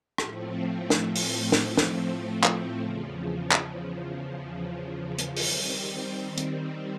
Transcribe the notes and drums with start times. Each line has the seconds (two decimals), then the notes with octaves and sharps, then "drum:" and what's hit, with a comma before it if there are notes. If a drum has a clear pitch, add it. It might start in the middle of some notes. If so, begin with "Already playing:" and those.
0.18 A2 F3 A3 C4, drum: rim click
0.90 drum: snare
1.15 drum: open hi-hat
1.52 drum: snare
1.77 drum: snare
2.44 drum: clap
2.77 E2 C#3 F3
3.51 drum: clap
5.18 drum: hi-hat
5.36 D#3 G3 C4, drum: open hi-hat
6.37 drum: hi-hat